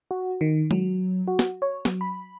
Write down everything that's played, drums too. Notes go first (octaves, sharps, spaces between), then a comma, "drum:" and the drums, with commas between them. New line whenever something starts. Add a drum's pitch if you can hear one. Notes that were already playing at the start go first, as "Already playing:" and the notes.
F#4
D#3
F#3, drum: tom G#3
F#4
drum: snare
C#5
F#3, drum: snare
B5